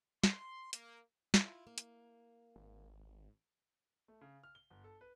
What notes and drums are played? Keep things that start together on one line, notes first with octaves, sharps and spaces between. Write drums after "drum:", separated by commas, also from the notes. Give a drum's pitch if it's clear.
C6, drum: snare
A#3, drum: hi-hat
E4 F4, drum: snare
A#3
drum: hi-hat
G#1
A3
C#3
F6
G7
G1
A4
B4